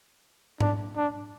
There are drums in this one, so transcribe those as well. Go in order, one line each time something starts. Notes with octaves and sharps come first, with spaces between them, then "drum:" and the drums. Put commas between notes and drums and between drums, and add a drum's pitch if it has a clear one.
D4, drum: tom G#2
D4